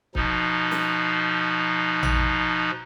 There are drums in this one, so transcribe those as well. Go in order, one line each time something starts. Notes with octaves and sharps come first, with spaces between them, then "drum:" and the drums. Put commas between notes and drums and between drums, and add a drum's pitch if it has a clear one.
B2 F3 D#4, drum: kick
drum: snare
drum: tom A1